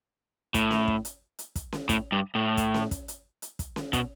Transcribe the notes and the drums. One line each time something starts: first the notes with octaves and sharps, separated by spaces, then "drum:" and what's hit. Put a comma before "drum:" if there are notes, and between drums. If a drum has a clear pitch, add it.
A2, drum: kick, hi-hat
drum: snare C#4
drum: kick
drum: hi-hat
drum: hi-hat
drum: kick, hi-hat
drum: snare C#4
A2, drum: kick, hi-hat
G2
A2
drum: kick, hi-hat
drum: snare C#4
drum: kick, hi-hat
drum: hi-hat
drum: hi-hat
drum: kick, hi-hat
drum: snare C#4
B2, drum: kick, hi-hat